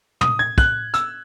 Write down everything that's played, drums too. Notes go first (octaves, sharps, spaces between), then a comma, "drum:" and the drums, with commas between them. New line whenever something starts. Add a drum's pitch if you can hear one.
D#6, drum: tom
G#6
F#6, drum: kick
E6, drum: hi-hat